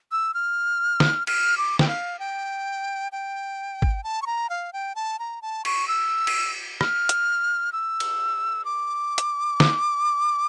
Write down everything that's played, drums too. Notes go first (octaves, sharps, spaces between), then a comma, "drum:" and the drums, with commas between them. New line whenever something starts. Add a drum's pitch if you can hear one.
E6
F6
drum: snare
F6, drum: cymbal
D6
G5, drum: snare
F5
G5
G5
drum: kick
A5
C#6
A#5
F5
G5
A5
A#5
A5
C#6, drum: cymbal
E6
drum: cymbal
F6, drum: rim click
drum: hi-hat
E6
drum: cymbal
D6
drum: hi-hat
drum: snare